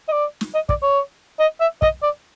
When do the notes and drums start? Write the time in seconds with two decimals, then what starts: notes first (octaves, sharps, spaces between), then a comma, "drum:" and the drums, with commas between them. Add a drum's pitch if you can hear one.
0.08 D#5
0.12 D5
0.41 drum: snare
0.55 D#5
0.69 D5, drum: kick
0.83 C#5
1.40 D#5
1.61 E5
1.82 D#5, drum: kick
2.03 D5